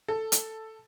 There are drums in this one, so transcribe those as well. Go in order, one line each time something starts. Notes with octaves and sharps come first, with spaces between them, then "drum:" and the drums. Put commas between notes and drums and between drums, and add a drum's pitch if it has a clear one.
A4
drum: hi-hat